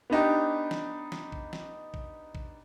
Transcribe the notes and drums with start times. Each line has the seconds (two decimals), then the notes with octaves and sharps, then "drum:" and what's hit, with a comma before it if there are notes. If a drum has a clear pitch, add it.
0.10 B3 D4 D#4 G4
0.71 drum: snare
1.12 drum: snare
1.32 drum: kick
1.53 drum: snare
1.94 drum: kick
2.35 drum: kick